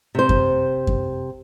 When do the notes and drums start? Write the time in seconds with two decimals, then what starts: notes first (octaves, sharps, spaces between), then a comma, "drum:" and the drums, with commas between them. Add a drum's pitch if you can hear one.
0.15 C3 C5
0.29 drum: kick F#2
0.87 drum: kick F#2